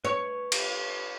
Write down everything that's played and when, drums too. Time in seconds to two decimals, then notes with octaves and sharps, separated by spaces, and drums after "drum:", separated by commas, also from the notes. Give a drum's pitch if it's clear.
0.05 B4 C#5 C#6
0.52 drum: cymbal